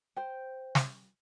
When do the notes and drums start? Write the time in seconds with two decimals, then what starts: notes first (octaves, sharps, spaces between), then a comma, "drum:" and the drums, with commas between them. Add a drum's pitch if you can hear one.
0.16 C5 G5
0.75 drum: snare